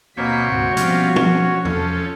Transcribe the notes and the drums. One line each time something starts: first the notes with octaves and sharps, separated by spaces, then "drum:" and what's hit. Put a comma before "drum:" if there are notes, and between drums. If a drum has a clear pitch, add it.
D#2 B2 A#3 C4 C#5 B6
D2 G#2 C3 F#4
B2 F3 G3 C4 C#4 F4, drum: hi-hat
C#4, drum: tom F3
F3 C#4 A4, drum: tom E2